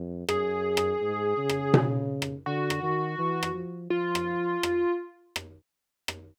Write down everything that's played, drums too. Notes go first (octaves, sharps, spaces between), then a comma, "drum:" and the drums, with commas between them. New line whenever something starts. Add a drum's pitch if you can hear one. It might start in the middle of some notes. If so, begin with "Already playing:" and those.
Already playing: F2
F#2 G#4, drum: rim click
drum: rim click
G#2
C#3
drum: rim click
drum: tom B2
drum: rim click
D3 F#4
drum: rim click
D#3
E3
drum: rim click
F3
F3 F4
drum: rim click
drum: rim click
drum: rim click
drum: rim click